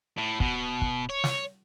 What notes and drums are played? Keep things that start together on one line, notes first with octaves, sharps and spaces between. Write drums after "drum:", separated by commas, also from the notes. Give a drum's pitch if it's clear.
A2
B2, drum: kick
drum: kick
C#5
drum: snare